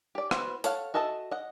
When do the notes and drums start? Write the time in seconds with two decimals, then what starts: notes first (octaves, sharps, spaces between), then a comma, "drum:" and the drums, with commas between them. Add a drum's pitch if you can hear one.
0.15 G4 D5
0.31 B3 E4 F#4 C5 F#5, drum: rim click
0.64 A4 C#5 F5 F#5, drum: hi-hat
0.94 F#4 A4 D#5 E5 A5
1.31 D#5 F#5